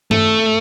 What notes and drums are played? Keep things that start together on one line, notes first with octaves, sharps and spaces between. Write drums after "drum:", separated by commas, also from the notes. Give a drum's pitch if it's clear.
A3, drum: tom